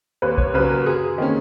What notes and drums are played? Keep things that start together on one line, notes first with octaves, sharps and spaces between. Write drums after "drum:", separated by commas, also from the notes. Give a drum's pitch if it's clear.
D#2 B4
C#5, drum: kick B1
C#3 F#3 B4
A#4
F#2 G#4
D#3 A#3 C#4